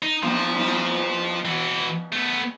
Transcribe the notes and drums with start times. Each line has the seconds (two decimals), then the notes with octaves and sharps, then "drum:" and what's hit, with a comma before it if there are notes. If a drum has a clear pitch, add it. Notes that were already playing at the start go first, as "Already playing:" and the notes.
0.03 D#4
0.23 F3, drum: cymbal
0.56 drum: cymbal
1.45 E3 F#4
2.13 A3 B3